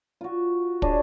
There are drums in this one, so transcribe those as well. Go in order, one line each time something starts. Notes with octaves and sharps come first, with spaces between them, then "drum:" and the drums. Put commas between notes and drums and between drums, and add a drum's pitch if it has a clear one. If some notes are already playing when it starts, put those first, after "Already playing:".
F4 F#4
D4 G#4 C#5 D#5, drum: kick